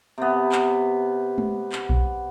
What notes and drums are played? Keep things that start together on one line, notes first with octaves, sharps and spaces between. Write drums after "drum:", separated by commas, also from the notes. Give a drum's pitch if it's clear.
C3 B3
drum: clap
drum: tom G#3
drum: clap
drum: kick B1